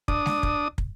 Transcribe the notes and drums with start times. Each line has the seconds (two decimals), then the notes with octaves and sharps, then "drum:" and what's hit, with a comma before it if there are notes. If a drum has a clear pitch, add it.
0.08 D4 D#6, drum: kick
0.26 drum: snare G#3
0.43 drum: kick
0.78 drum: kick